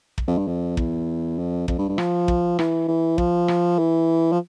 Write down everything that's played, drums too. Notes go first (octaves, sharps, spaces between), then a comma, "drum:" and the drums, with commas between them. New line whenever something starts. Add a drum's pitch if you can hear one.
drum: kick
F2
G2
F2
E2, drum: kick
F2
F2, drum: kick
G2
G2
F3, drum: rim click
drum: kick
E3, drum: rim click
E3
F3, drum: kick
drum: rim click
E3
F3